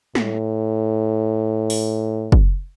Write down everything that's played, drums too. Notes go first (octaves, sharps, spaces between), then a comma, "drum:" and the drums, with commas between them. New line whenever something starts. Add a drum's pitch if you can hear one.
A2, drum: snare
drum: open hi-hat
drum: kick